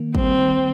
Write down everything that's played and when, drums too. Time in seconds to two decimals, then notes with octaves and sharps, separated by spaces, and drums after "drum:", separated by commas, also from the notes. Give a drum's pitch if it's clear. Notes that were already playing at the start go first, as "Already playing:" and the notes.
Already playing: D#3 A#3
0.15 G3 C4, drum: kick
0.39 D#3